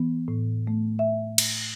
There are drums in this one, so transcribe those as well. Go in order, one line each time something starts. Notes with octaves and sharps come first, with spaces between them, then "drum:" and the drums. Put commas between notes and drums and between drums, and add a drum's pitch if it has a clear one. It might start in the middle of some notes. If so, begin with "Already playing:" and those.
Already playing: E3 B3
A2
A3
E5
drum: cymbal